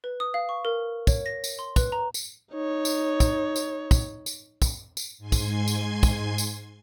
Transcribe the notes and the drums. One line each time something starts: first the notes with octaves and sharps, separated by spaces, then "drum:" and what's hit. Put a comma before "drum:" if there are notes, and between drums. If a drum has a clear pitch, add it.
B4
D#6
F5
C#6
A#4
C#5, drum: kick, tambourine
A#6
drum: tambourine
C6
B4, drum: kick, tambourine
A#5
drum: tambourine
D#4 C#5
drum: tambourine
drum: kick, tambourine
drum: tambourine
drum: kick, tambourine
drum: tambourine
drum: kick, tambourine
drum: tambourine
G#2 G#5 C6 G#6
drum: kick, tambourine
drum: tambourine
drum: kick, tambourine
drum: tambourine